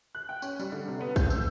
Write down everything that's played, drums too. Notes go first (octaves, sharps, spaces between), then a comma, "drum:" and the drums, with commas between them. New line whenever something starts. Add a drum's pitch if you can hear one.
F#6
G5
C#4, drum: tambourine
G3, drum: tambourine
D3
C3
B3
G6, drum: kick, tambourine
E6, drum: tambourine